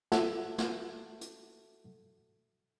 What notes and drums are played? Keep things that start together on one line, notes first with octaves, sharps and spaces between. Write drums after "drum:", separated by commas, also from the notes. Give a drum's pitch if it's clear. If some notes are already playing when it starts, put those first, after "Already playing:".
F#4 A4 E5 F#5, drum: snare
drum: snare
drum: hi-hat